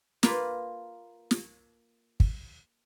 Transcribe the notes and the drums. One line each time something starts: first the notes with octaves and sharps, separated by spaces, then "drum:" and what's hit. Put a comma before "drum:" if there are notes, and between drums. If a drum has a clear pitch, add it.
A#3 F4 B4, drum: snare
drum: snare
drum: kick